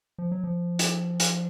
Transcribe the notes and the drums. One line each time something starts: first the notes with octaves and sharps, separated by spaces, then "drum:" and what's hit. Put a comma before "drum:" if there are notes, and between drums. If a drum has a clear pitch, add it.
F3
F#3
F3
drum: hi-hat
drum: hi-hat